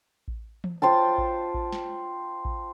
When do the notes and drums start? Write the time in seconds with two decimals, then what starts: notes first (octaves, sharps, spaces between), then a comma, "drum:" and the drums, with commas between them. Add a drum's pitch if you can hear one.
0.28 drum: kick A1
0.64 drum: tom E3
0.82 F4 C5 G5 A5
1.18 drum: kick A1
1.54 drum: kick A1
1.72 drum: snare
2.45 drum: kick A1